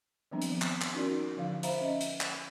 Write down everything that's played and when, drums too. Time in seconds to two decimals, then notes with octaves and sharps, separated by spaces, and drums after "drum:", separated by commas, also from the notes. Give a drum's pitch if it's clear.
0.31 D#3 F3 G3 B3 C4 D4
0.42 drum: hi-hat
0.52 F3
0.61 drum: clap
0.81 drum: clap
0.94 C#4 D#4 E4 F#4 A#4 D5
1.37 D3 F3 F5
1.63 C5 E5 F5 A#5 B5, drum: hi-hat
1.81 C#4 D#5 E5
2.01 drum: hi-hat
2.21 drum: clap